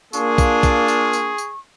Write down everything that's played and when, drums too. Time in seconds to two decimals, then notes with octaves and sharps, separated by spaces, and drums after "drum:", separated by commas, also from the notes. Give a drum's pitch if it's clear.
0.13 A#3 D4 F4 G#4 C#6, drum: tambourine
0.38 drum: kick, tambourine
0.63 drum: kick, tambourine
0.88 drum: tambourine
1.13 drum: tambourine
1.38 drum: tambourine